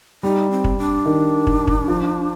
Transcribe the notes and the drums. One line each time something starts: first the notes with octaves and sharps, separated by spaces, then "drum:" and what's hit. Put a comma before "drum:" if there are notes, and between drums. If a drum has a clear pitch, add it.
G3 D#4
C4
drum: kick
D4
D#3
drum: kick
drum: kick
F3